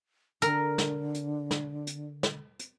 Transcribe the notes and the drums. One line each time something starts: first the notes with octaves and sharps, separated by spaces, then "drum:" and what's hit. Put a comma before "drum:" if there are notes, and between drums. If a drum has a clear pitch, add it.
D3 A#4, drum: hi-hat
drum: snare
drum: hi-hat
drum: snare
drum: hi-hat
drum: snare
drum: hi-hat